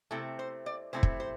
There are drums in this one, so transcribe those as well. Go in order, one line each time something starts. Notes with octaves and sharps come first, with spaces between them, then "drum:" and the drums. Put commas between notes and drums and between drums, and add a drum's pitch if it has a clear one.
C3 A3 C4 E4 A4
C5
D5
C3 A3 C4 E4 C5
drum: kick
C5